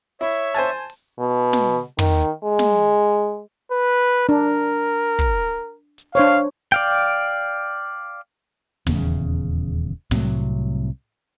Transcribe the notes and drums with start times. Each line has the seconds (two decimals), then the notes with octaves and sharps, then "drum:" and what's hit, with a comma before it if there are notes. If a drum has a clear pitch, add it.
0.21 E4 C#5 E5
0.54 C5 G#5 A5, drum: hi-hat
0.90 drum: open hi-hat
1.19 B2
1.53 drum: snare
1.99 D#3, drum: tom
2.44 G#3
2.59 drum: snare
3.72 B4
4.29 D4 A#4
5.19 drum: kick
5.98 drum: hi-hat
6.15 D4 C5 C#5 F5, drum: hi-hat
6.72 D5 F5 G5
8.87 D#1 E2 C#3, drum: snare
10.11 C2 A2 C3 F#3, drum: snare